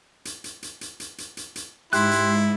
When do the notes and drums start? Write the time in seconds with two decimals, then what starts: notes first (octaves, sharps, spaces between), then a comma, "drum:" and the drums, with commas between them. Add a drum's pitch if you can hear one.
0.25 drum: hi-hat
0.44 drum: hi-hat
0.63 drum: hi-hat
0.81 drum: hi-hat
1.00 drum: hi-hat
1.18 drum: hi-hat
1.37 drum: hi-hat
1.56 drum: hi-hat
1.93 G#2 E4 G4 C6 F#6, drum: hi-hat
2.11 drum: hi-hat